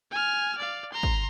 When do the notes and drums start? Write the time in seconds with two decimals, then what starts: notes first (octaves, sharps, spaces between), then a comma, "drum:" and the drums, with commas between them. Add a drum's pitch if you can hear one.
0.11 G#5 F6
0.57 D5 F5
0.92 A#5 C6
1.03 drum: kick G#1